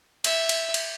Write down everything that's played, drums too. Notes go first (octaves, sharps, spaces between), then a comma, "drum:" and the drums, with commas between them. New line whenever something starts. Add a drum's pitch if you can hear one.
E5, drum: cymbal
drum: cymbal
drum: cymbal